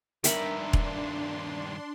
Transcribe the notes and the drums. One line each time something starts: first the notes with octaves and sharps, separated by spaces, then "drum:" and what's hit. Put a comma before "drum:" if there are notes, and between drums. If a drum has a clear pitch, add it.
G2 D#3 D4 A#4 E5 B5 C6, drum: hi-hat
drum: kick E1